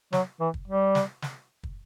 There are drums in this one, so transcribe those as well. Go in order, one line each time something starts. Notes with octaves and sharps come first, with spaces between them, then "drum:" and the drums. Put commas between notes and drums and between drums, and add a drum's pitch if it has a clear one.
F#3, drum: snare
E3
drum: kick
G3
drum: snare
drum: snare
drum: kick